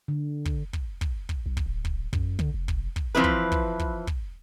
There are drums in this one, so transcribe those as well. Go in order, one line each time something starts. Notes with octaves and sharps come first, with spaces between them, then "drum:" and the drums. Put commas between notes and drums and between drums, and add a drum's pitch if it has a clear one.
D3
drum: kick
drum: kick
drum: kick
drum: kick
B1
drum: kick
D1
drum: kick
F#2, drum: kick
D3, drum: kick
F1
drum: kick
drum: kick
E3 F3 C4 E4 B4
drum: kick
drum: kick
drum: kick
drum: kick